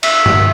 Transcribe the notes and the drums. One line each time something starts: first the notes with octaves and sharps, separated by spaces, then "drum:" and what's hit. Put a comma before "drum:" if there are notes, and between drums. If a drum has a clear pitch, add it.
E5, drum: cymbal
drum: tom G2